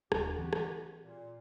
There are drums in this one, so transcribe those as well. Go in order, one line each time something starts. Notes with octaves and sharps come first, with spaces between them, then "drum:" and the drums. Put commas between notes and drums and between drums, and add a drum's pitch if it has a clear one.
D#1 D4 F#4 G4, drum: rim click
E3 C4
drum: rim click
A#2